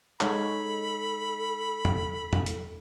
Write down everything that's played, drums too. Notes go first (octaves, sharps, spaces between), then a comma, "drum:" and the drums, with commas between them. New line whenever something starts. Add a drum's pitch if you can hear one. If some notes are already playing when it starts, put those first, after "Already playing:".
G#3 D#4 A4 C#5 B5, drum: clap
drum: tom E2
drum: tom E2
drum: hi-hat